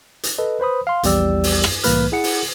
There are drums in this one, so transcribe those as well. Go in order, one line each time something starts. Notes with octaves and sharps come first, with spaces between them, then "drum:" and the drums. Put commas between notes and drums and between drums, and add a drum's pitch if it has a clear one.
drum: hi-hat
A4 B4 D#5
B4 C5 B5 D#6
F5 C6
A#1 E2 G3 G4 D5 E6, drum: hi-hat
drum: open hi-hat
drum: rim click
C2 A2 E3 A#3 B4 F6, drum: hi-hat
E4 G#4 F#5 C#7
drum: open hi-hat